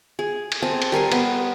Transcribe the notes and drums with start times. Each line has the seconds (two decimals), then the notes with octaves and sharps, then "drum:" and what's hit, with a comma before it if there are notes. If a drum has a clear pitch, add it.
0.19 G#4
0.52 drum: cymbal
0.62 C4 G#5 A5
0.82 drum: cymbal
0.92 G3 A#4 G#5 C6
1.12 B3 B4, drum: cymbal